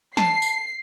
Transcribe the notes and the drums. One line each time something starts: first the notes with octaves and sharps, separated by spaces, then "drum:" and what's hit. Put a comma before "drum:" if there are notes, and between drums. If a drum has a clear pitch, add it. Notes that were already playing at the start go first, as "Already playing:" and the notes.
A5 C7, drum: snare
drum: tambourine